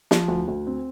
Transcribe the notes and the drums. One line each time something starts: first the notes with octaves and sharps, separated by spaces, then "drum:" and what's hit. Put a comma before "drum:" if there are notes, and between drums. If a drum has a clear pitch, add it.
F3, drum: snare
D2
D2
C4